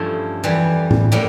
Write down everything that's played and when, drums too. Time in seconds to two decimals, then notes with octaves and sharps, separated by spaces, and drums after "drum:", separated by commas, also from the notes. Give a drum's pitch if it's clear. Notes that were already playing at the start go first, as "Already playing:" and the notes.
Already playing: G2 F3 A3 C#4 E4
0.44 F2 E3 G3
0.91 drum: tom A2
1.12 A2 G3 A#3